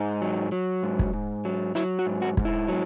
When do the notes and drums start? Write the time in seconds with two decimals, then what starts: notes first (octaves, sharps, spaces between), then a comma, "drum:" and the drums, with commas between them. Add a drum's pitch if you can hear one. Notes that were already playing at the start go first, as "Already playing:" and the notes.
Already playing: G#2 D#4
0.21 F#3
0.52 F#3
0.83 G#2
0.99 drum: kick
1.14 G#2
1.45 F#3
1.75 F#3 E4, drum: hi-hat
1.99 F#4
2.06 G#2
2.22 F#4
2.37 G#2, drum: kick
2.45 E4
2.68 F#3